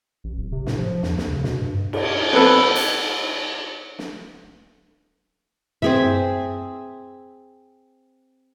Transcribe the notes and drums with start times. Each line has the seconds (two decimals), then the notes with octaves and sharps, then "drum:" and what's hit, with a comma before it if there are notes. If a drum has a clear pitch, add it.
0.24 A1
0.36 D1
0.52 C3
0.67 A2, drum: snare
0.78 F3
1.03 E2, drum: snare
1.18 D#2, drum: snare
1.30 C#3
1.44 B2, drum: snare
1.60 G2
1.93 drum: cymbal
2.33 B3 C4 A4 B4
2.75 drum: hi-hat
3.99 drum: snare
5.82 C4 G#4 E5, drum: tom